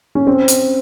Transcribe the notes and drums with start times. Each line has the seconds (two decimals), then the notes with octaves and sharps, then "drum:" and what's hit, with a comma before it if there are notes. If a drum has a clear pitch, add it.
0.15 C#4
0.27 C4
0.48 drum: hi-hat